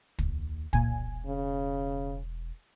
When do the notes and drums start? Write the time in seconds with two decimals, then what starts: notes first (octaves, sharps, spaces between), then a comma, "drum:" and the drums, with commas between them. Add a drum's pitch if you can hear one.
0.18 D#2, drum: kick
0.73 E1 A#2 G#5, drum: kick
1.27 C#3